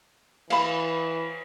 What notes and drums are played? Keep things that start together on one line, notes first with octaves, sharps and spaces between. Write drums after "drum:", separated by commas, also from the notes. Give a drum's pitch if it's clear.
E3 F5 B5, drum: cymbal